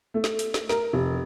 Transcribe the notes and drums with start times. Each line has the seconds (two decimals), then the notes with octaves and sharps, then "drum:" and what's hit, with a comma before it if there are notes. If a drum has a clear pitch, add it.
0.14 A3
0.24 drum: snare
0.39 drum: hi-hat
0.54 drum: snare
0.69 A#4, drum: snare
0.93 F1